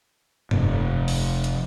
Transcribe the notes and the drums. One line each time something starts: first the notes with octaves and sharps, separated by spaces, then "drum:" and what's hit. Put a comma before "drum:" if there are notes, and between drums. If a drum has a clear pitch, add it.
F1, drum: tom G2
drum: open hi-hat
drum: hi-hat